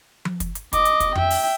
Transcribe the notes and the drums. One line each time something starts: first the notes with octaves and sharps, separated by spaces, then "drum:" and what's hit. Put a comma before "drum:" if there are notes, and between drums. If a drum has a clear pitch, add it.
drum: tom F3
drum: kick, hi-hat
drum: hi-hat
D#5 D6, drum: kick, hi-hat
drum: hi-hat
drum: kick, hi-hat
E5 G5, drum: tom F2
drum: open hi-hat